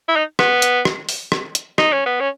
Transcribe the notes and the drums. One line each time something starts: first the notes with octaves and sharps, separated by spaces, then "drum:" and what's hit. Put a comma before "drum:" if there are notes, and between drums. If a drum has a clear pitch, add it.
E4
D#4
B3, drum: rim click
drum: hi-hat
drum: rim click
drum: open hi-hat
drum: rim click
drum: hi-hat
D#4, drum: rim click
C#4
B3
C#4